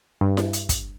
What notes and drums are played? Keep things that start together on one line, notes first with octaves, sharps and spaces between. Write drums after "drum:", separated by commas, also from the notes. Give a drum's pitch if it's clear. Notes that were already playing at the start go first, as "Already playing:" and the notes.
G2
drum: snare E4
drum: hi-hat
drum: kick, hi-hat